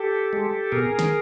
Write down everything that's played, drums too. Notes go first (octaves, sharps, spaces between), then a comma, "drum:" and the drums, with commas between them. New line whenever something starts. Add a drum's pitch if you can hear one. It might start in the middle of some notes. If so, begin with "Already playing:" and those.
Already playing: G4 A4
G#3
B2 G#4 A#4
drum: snare